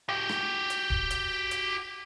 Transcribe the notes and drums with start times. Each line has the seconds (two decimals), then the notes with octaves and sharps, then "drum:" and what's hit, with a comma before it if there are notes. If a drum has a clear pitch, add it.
0.09 F#4 G4
0.29 drum: rim click
0.70 drum: hi-hat
0.90 drum: kick D1
1.10 drum: hi-hat
1.51 drum: hi-hat